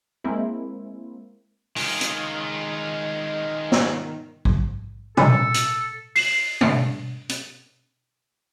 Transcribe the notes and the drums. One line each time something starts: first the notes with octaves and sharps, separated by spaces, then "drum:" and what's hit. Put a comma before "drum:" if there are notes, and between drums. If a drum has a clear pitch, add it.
G#3 A#3 C4 E4
D#3 G#3 F4, drum: open hi-hat
drum: hi-hat
drum: snare
drum: kick A1
A4, drum: tom
drum: hi-hat
C7 E7 F#7, drum: open hi-hat
drum: tom
drum: hi-hat